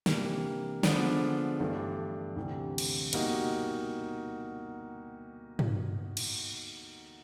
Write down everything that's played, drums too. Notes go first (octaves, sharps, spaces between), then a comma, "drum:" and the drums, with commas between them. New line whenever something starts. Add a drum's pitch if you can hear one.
C3 E3 G3 A#3 D4, drum: snare
D3 F3 G#3 B3 D4, drum: snare
G2 E3 A3 D4
D2 C3 E3
drum: cymbal
B2 G3 A#3 D#4 F#4, drum: cymbal
drum: tom
drum: cymbal